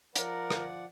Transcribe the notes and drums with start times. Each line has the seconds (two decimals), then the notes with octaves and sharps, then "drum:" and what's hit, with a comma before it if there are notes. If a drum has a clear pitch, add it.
0.16 F3 A#4 D5 F#5, drum: hi-hat
0.50 drum: rim click